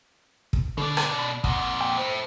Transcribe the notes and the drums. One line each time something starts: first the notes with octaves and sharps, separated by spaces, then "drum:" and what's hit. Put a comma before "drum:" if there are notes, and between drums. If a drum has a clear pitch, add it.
drum: kick
B2 D3 D5
drum: rim click
B5
F2 A#2 F#5, drum: kick
G5
A3 E4 C5